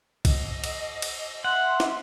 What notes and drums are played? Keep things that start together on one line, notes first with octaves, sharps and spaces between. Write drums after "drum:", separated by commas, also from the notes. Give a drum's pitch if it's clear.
D#5, drum: kick B1, cymbal
drum: cymbal
drum: cymbal
E5 F#5 C6
drum: snare